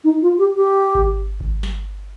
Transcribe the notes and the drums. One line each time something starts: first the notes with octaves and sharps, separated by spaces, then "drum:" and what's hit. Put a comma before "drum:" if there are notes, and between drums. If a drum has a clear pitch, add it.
D#4
F4
G4
G4
drum: kick G#1
drum: kick G#1
drum: snare